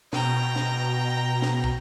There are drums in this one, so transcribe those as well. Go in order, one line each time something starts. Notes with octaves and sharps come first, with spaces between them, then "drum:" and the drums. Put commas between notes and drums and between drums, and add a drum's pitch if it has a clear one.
B2 G5 A#5, drum: snare
drum: snare
drum: snare
drum: kick